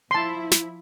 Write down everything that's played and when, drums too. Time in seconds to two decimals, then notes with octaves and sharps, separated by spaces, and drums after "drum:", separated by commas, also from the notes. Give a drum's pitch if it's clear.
0.11 F3 E4 A5 C6
0.51 drum: snare